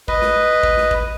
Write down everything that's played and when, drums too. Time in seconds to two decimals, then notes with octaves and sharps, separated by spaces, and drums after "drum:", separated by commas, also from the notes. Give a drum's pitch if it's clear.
0.08 B4 D#5, drum: kick G#1
0.22 drum: snare
0.63 drum: kick G#1
0.77 drum: snare
0.91 drum: kick G#1